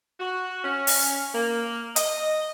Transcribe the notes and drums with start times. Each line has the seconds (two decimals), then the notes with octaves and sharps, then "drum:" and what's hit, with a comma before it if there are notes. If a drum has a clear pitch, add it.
0.20 F#4
0.64 C#4
0.87 drum: open hi-hat
1.34 A#3
1.96 D#5, drum: hi-hat